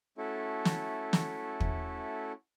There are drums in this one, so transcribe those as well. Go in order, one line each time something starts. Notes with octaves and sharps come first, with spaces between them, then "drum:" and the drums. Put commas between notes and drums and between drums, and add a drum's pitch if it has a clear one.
A3 C#4 E4 F#4 A4
drum: snare
drum: snare
drum: kick